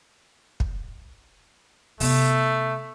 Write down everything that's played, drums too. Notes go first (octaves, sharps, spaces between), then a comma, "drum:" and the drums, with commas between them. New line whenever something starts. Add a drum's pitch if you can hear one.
drum: kick
C3 A3 B3, drum: open hi-hat